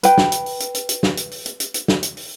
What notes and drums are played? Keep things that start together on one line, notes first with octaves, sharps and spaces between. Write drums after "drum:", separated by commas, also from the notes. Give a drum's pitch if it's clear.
B4 G5, drum: hi-hat
drum: snare
drum: hi-hat
drum: open hi-hat
drum: hi-hat
drum: hi-hat
drum: hi-hat
drum: snare
drum: hi-hat
drum: open hi-hat
drum: hi-hat
drum: hi-hat
drum: hi-hat
drum: snare
drum: hi-hat
drum: open hi-hat